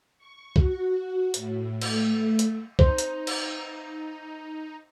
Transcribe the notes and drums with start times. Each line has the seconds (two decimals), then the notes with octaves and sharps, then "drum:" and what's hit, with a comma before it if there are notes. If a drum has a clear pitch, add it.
0.18 C#6
0.56 F#4, drum: kick C2
1.34 A2, drum: hi-hat
1.82 A3, drum: cymbal
2.39 drum: hi-hat
2.79 D#4 C5, drum: kick C2
2.98 drum: hi-hat
3.27 drum: cymbal